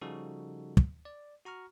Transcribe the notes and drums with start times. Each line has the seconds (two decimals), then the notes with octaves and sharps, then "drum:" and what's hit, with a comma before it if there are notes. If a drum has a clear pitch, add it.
0.01 C#3 F3 G3 D#4 F#4 A4
0.77 drum: kick
1.05 D5
1.45 F#4 A#5 C#6 F6